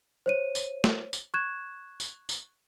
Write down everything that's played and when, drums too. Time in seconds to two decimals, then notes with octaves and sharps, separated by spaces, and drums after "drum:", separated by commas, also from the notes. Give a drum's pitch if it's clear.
0.26 C5 C#5 D#7
0.55 drum: tambourine
0.84 drum: snare
1.13 drum: tambourine
1.34 C#6 F#6 G#6 E7
2.00 drum: tambourine
2.29 drum: tambourine